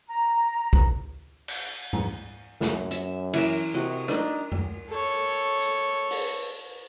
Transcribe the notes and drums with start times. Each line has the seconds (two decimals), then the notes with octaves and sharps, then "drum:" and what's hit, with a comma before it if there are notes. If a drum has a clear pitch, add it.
0.09 A#5
0.73 drum: kick
1.48 drum: cymbal
1.93 drum: tom G#2
2.61 F#2, drum: snare
2.91 E5, drum: hi-hat
3.33 E3 A#4 E5, drum: cymbal
3.74 C3 F#4 D#5
4.08 D4 D#4, drum: rim click
4.52 drum: tom F#2
4.90 A4 C#5
5.62 drum: tambourine
6.11 drum: open hi-hat